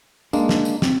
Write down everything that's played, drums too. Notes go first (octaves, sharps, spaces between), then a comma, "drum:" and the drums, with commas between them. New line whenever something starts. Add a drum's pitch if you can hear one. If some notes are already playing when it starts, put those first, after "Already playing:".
G#3 A#3 D4, drum: tambourine
drum: snare
drum: tambourine
C4, drum: snare